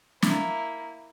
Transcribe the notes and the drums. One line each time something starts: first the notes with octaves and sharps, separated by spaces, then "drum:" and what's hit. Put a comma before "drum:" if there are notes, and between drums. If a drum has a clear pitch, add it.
A#3 E4, drum: snare